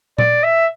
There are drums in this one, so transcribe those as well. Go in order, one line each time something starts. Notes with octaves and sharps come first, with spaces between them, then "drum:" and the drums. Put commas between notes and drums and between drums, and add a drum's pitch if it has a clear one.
D5, drum: tom A#2
E5